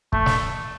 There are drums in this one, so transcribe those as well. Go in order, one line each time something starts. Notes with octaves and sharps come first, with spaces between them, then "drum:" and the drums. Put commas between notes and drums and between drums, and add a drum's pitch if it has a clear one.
A3, drum: kick
drum: snare